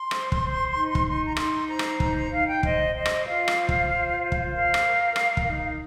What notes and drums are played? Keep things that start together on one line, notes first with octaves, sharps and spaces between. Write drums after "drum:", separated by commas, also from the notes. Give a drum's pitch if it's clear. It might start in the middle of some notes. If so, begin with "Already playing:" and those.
Already playing: C6
C5, drum: rim click
drum: kick
C5
D#4
drum: kick
D#4
A#5
D#4 C6, drum: rim click
C5 A#5
drum: rim click
D#4 A#5, drum: kick
A#5
D#4 F5
G5
C5 D#5, drum: kick
C5 D#5
drum: rim click
F4 F5
drum: rim click
C5
drum: kick
F4
C5
drum: kick
A#4 F5
drum: rim click
A#4
A#4, drum: rim click
drum: kick
D#4